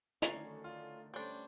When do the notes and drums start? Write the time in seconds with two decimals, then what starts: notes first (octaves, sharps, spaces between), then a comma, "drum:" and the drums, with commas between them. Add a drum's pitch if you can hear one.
0.22 D3 D#3 F#3 A3 C#4 A#5 A6 C7, drum: hi-hat
0.64 F4
1.14 G3 A3 C#4 D4 C5 C#5 C6